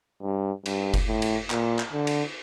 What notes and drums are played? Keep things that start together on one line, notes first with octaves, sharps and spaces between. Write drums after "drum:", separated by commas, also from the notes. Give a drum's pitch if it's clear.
G2
G2, drum: cymbal
drum: kick F#1, cymbal
A2
drum: cymbal
A#2, drum: clap
drum: clap
D3
drum: cymbal